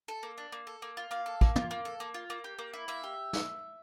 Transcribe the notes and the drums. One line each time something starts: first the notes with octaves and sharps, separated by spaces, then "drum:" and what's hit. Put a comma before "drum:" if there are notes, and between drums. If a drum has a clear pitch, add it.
A4
A#3
D4
A#3
A4
A#3
F4
A#3 F5
A4
A#3, drum: kick
F4, drum: tom
A#3
A4
A#3
F4
A#3
G4
A#3
E4
A#3 E5
G4
drum: snare